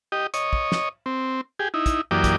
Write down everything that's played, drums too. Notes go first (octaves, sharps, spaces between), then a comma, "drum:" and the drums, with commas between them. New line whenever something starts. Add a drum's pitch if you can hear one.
G4 D#5
C#5 D#5, drum: hi-hat
drum: kick
drum: snare
C4
G4 G#4
D#4 E4
drum: kick, hi-hat
F#2 E3 A#3 G4 D5 D#6
drum: kick, hi-hat